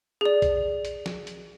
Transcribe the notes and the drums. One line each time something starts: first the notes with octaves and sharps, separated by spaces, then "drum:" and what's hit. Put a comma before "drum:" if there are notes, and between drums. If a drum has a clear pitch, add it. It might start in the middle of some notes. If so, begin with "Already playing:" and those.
G#4 D5
drum: kick B1, hi-hat
drum: hi-hat
drum: snare
drum: hi-hat